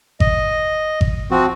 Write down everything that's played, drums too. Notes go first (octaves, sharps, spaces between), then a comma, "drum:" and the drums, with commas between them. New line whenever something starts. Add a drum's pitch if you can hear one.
D#5, drum: kick G#1
drum: kick G#1
F3 C4 F#4